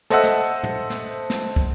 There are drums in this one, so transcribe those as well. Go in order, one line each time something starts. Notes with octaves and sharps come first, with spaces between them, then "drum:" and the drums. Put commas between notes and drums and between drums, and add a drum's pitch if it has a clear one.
A4 C5 D#5 E5 F#5 E6, drum: snare
drum: snare
drum: tom
drum: snare
drum: snare
drum: kick